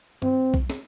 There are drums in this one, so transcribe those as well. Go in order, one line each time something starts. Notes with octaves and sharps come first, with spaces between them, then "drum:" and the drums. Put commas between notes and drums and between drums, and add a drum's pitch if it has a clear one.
C4, drum: tom
drum: kick B1
drum: snare